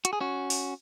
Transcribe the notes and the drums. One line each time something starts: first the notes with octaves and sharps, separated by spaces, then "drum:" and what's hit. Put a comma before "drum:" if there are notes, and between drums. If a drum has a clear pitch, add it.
F#4, drum: hi-hat
G#4
C#4 F#4
drum: open hi-hat